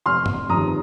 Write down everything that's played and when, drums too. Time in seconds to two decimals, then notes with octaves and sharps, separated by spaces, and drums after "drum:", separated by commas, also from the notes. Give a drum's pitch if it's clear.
0.06 F1 C6 F6
0.26 drum: tom G2
0.49 F2 C3 D#3 A#5 D#6